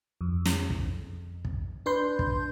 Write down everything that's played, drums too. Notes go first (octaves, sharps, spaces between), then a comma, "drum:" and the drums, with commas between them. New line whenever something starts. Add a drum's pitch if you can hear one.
F2
drum: snare
drum: kick
drum: kick
D4 B4 C6 G6
drum: kick